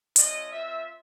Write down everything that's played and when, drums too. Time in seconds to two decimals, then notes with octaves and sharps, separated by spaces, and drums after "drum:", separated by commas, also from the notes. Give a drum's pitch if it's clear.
0.16 A3 C#4 F4 D#5, drum: hi-hat
0.51 C4 F4 E5